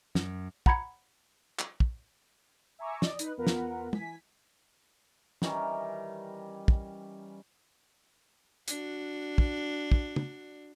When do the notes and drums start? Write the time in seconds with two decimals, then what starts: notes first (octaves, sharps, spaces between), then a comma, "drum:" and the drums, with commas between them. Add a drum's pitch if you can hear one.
0.15 F#2, drum: snare
0.66 F#5 A#5 B5 G#6 C#7, drum: kick
1.59 drum: clap
1.80 drum: kick
2.79 E5 G#5 A#5 C#6 D6 E6
3.02 D5 D#5, drum: snare
3.19 D#4 B4, drum: hi-hat
3.37 E2 B3 F4 A#4 B4 F#5
3.47 drum: snare
3.93 E3 G#5 B6, drum: tom
5.42 D#3 E3 G3 C#4, drum: snare
6.68 drum: kick
8.68 D4 F#4, drum: hi-hat
9.38 drum: kick
9.92 drum: kick
10.16 drum: tom